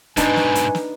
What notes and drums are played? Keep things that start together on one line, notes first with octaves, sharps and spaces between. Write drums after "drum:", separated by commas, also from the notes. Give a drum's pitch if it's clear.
G#2 B2 D4 D#4 B4 G#5, drum: kick, hi-hat
drum: snare
drum: hi-hat
drum: snare